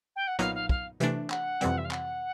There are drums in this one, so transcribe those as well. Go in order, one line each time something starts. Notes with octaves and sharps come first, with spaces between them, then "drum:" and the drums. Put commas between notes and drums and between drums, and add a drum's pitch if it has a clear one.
G5
F#5
B1 A#2 F#3 B3 D#4 F5, drum: hi-hat
F5
F5, drum: kick
C3 E3 A3 D4, drum: hi-hat
F#5, drum: clap
F2 C3 E3 G3 C4, drum: hi-hat
E5
F5
F#5, drum: clap